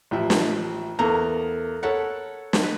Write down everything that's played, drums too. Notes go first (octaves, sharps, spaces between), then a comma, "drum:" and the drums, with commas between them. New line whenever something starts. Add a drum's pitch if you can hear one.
A1 F3 E5
drum: snare
E2 A3 A#3 A#5
A4 A#4 C#5 F#5 A5 B5
drum: snare
B4